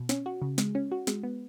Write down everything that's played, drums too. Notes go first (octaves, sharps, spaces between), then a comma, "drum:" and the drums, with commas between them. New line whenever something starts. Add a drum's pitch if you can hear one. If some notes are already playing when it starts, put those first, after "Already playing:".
Already playing: B2
C#4, drum: snare
F#4
C#3
G#3, drum: snare
C#4
F#4
G#3, drum: snare
B3